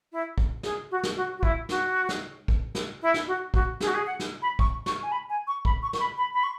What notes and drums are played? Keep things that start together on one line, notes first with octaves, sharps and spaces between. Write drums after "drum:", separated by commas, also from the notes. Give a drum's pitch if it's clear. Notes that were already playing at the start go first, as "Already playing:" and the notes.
E4
drum: kick
G#4, drum: snare
F#4
drum: snare
F#4
F#4
E4, drum: kick
F#4, drum: snare
drum: snare
drum: kick
drum: snare
E4
drum: snare
F#4
F#4, drum: kick
G#4, drum: snare
F#4
G#4
F#5
drum: snare
B5
C#6, drum: kick
C#6, drum: snare
G#5
B5
G#5
C#6
B5, drum: kick
C#6
C#6, drum: snare
B5
B5
B5
C#6